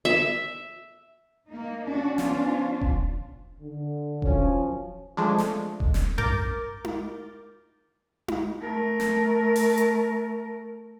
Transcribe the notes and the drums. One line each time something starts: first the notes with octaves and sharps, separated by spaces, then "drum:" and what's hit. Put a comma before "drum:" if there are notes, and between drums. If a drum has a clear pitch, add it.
E5
A#3 D#4
C#4 D4 F#4
F3 B3 C#4 D4 F4, drum: snare
drum: kick E1
D3
F#2 F3 C#4, drum: kick E1
F3 G#3 A3 D4
drum: snare
drum: kick E1
drum: snare
A#4 D6 G6 A6, drum: tom F#2
drum: tom D#4
drum: tom D#4
A3 A#4
drum: snare
drum: open hi-hat
drum: hi-hat